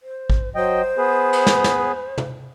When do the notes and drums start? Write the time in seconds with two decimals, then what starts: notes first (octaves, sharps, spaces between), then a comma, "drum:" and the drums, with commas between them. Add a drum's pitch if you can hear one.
0.01 C5
0.30 drum: kick G#1
0.55 F#3 C5 D#5 G5
0.98 B3 G#4 B4
1.33 drum: cymbal
1.47 drum: snare
1.64 drum: snare
2.18 drum: tom